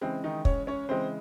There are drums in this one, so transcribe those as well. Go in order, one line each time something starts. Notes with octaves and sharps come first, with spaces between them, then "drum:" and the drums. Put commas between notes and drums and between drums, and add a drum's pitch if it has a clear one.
C#3 E3 G#3 C4
D#3 D#4
C#4 C#5, drum: kick
C#4 C#5
C#3 E3 G#3 C4 C5